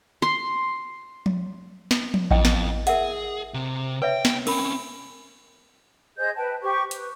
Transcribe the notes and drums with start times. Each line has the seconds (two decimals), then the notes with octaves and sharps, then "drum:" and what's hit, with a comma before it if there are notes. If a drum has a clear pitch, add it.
0.22 C6
1.26 drum: tom F3
1.91 drum: snare
2.14 drum: tom F3
2.31 F2 E4 D#5 G5, drum: kick A1
2.45 drum: snare
2.87 G#4 A#4 E5 F#5, drum: hi-hat
3.54 C3
4.02 B4 C#5 E5 G5
4.25 drum: snare
4.47 C4 C#4 A#4 B5, drum: cymbal
6.17 G#4 C5 D#5 G6
6.37 B4 G5 A5
6.61 G4 C5 C#6
6.91 B4, drum: hi-hat